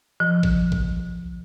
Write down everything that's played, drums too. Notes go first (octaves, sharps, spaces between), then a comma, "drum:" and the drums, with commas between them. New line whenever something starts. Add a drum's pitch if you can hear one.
F3
drum: kick
drum: kick